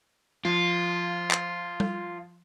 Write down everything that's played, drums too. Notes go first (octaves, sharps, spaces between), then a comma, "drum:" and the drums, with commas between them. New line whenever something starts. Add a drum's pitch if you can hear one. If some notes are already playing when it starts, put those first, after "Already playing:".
F3 F4
drum: clap
drum: tom G3